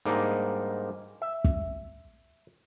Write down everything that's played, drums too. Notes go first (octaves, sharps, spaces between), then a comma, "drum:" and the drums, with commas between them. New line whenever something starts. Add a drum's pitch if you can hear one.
G#2 G3 A#3 D4 D#4
E5
drum: kick